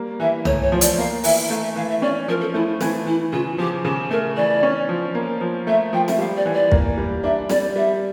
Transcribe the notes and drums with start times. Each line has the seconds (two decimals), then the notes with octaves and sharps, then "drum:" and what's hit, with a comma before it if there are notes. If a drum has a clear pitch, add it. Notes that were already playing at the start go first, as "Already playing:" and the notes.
Already playing: G3 A#3
0.20 E3 E5
0.45 A3 C#5, drum: tom C2
0.63 C#5
0.72 F3
0.81 D5, drum: hi-hat
0.98 A#3 F5
1.24 E3 E5, drum: open hi-hat
1.49 A3 F5
1.63 E5
1.76 E3 F5
1.89 E5
2.02 C#4 D5
2.28 F3 A#4
2.41 A4
2.54 A3 E4
2.81 E3 E4, drum: snare
3.06 E3 E4
3.32 C#3 F4
3.58 F3 G4
3.85 C#3 G4
4.11 A3 A#4
4.36 E3 D5
4.63 C#4
4.89 F3
5.15 A#3
5.41 F3
5.67 A3 E5
5.93 F3 G5
6.08 E5, drum: snare
6.19 G3 F5
6.37 D5
6.46 E3
6.54 D5
6.72 A#3, drum: kick
6.98 G3
7.23 D4 E5
7.49 G3 D5, drum: snare
7.76 G3 E5